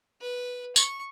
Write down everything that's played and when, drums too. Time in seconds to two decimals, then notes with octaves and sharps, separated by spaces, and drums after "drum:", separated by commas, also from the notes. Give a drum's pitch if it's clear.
0.21 B4
0.76 C#6, drum: tambourine